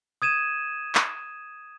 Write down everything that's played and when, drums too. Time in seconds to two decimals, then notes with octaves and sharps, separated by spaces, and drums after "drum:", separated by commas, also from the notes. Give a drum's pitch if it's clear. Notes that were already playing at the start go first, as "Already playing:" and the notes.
0.22 D#6 G#6 D#7 E7
0.95 drum: clap